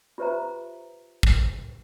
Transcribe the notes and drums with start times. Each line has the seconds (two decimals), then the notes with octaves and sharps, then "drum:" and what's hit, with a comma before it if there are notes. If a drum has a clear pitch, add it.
0.18 F4 G4 B4 C5 E5 A#5
1.23 drum: kick